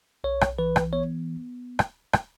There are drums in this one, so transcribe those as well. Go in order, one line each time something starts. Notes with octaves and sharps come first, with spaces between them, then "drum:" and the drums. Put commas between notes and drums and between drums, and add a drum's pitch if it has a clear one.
B1 C#5
drum: rim click
E3 B4
drum: rim click
B3 C#5
drum: rim click
drum: rim click